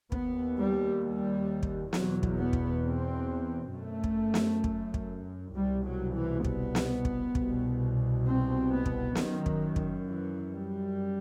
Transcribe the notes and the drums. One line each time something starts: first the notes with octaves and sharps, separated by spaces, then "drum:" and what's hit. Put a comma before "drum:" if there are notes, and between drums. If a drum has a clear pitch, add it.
D#2 B3, drum: kick
G3
G3
drum: kick
E2 B2 F#3, drum: snare
drum: kick
B3
drum: kick
C4
F#2 A3
drum: kick
drum: snare
drum: kick
drum: kick
C2 B2 G3
F#3
E3
B3, drum: kick
drum: snare
drum: kick
C2 B2, drum: kick
C4
B3
drum: kick
F#2 D#3, drum: snare
drum: kick
drum: kick
E3
G3